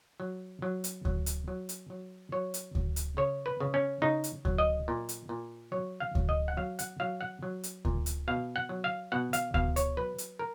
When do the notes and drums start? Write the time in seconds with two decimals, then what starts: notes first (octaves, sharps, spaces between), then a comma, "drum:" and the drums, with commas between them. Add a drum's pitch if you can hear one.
0.20 F#3
0.62 F#3
0.84 drum: hi-hat
1.05 F#3, drum: kick D2
1.26 drum: hi-hat
1.48 F#3
1.69 drum: hi-hat
1.90 F#3
2.32 F#3 C#5
2.54 drum: hi-hat
2.75 F#3, drum: kick D2
2.96 drum: hi-hat
3.17 C#3 C#5
3.46 B4
3.60 C#3
3.74 C#4
4.02 C#3 D#4
4.24 drum: hi-hat
4.45 F#3, drum: kick D2
4.58 D#5
4.88 A#2
5.09 drum: hi-hat
5.29 A#2
5.72 F#3 C#5
6.00 F5
6.15 F#3, drum: kick D2
6.29 D#5
6.48 F#5
6.57 F#3 F5
6.79 F#5, drum: hi-hat
7.00 F#3 F5
7.21 F#5
7.43 F#3
7.63 drum: hi-hat
7.85 A#2, drum: kick D2
8.06 drum: hi-hat
8.28 B2 F5
8.56 F#5
8.69 F#3
8.84 F5
9.12 B2 F#5
9.33 F5, drum: hi-hat
9.54 B2 F5, drum: kick D2
9.76 C#5, drum: hi-hat
9.97 F#3 B4
10.18 drum: hi-hat
10.39 A#4